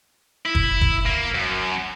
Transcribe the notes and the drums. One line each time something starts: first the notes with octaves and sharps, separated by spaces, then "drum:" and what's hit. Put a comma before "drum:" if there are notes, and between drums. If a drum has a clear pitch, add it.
E4
drum: kick
drum: kick
A#3
F#2